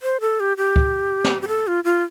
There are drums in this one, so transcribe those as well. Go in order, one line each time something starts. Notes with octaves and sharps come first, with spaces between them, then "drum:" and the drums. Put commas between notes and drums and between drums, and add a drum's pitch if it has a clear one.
C5
A4
G4
G4
drum: kick C#2
drum: snare
G4
A4
F4
F4